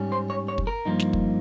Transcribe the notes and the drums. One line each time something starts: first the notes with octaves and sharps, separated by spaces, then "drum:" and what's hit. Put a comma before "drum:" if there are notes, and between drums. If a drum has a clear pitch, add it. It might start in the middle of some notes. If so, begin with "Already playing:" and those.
Already playing: G#2 G3 C#4
C5
C#5
C#5
drum: kick
A#4
G2 F3 A#3 D#4
drum: snare
drum: kick